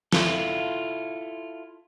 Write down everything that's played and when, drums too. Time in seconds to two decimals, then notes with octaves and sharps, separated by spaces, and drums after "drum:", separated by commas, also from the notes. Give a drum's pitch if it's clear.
0.12 E4 F4 A4, drum: snare